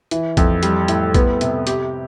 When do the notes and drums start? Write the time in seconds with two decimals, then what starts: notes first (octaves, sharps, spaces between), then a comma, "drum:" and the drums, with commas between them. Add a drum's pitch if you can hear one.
0.11 E3, drum: hi-hat
0.37 F2, drum: kick A#1, hi-hat
0.63 G3, drum: hi-hat
0.88 A2, drum: hi-hat
1.14 B3, drum: kick A#1, hi-hat
1.41 C3, drum: hi-hat
1.67 G4, drum: hi-hat